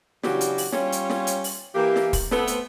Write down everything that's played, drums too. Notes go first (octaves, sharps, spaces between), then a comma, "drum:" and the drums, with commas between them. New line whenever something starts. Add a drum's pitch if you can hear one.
C#3 E3 F#3 D4 F#4 G4, drum: snare
drum: hi-hat
drum: open hi-hat
G3 C#4 F4 C#5, drum: snare
drum: hi-hat
drum: snare
drum: hi-hat
drum: open hi-hat
E3 A#3 G4
drum: snare
drum: kick, open hi-hat
A3 B3 C4, drum: snare
drum: hi-hat